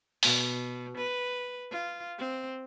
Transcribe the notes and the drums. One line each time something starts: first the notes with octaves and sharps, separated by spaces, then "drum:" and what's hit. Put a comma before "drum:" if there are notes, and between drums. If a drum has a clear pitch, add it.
B2, drum: open hi-hat
B4
F4
C4